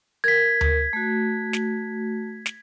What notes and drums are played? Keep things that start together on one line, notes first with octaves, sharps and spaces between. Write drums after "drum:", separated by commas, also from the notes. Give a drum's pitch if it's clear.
A#4 G#6 B6
drum: tom D2
A3 F#4
drum: snare
drum: snare